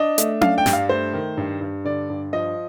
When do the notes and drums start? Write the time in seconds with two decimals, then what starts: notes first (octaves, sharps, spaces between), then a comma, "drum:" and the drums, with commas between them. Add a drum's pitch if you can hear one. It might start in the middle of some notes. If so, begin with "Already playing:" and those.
Already playing: D4 D#5
0.18 A3, drum: hi-hat
0.41 D4 F5, drum: tom C#4
0.58 G5
0.66 G2, drum: snare
0.73 F5
0.89 A3 C5
1.13 D#3
1.37 G2
1.61 G2
1.85 D3 D5
2.10 G2
2.33 F3 D#5